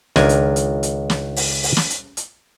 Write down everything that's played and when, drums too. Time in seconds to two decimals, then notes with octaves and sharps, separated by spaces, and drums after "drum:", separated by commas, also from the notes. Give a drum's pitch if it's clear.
0.16 C#2 D#3 D4 A#4 G#5, drum: snare
0.29 drum: hi-hat
0.56 drum: hi-hat
0.83 drum: hi-hat
1.10 drum: snare
1.36 drum: open hi-hat
1.63 drum: open hi-hat
1.77 drum: snare
1.90 drum: hi-hat
2.17 drum: hi-hat